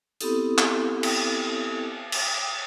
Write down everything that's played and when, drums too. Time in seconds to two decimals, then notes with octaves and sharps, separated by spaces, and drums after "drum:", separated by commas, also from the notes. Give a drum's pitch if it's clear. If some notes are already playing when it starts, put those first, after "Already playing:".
0.21 B3 C4 E4 G4 A4 D#6, drum: hi-hat
0.58 drum: clap
1.03 drum: cymbal
2.12 drum: cymbal